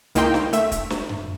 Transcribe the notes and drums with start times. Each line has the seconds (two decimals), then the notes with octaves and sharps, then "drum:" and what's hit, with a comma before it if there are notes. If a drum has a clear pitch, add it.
0.15 C#2 A#3 D#4 E4 G5 C6, drum: hi-hat
0.34 drum: snare
0.53 A3 E5, drum: hi-hat
0.72 drum: kick, hi-hat
0.90 drum: snare
1.09 drum: tom F#2